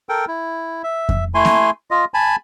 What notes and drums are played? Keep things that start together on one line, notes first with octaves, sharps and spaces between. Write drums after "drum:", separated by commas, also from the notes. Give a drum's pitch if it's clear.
A4 A#4 G5
E4
E5
drum: kick F2
A3 E4 G#5 C6
drum: snare A#3
F4 D#5
G#5 A5 B5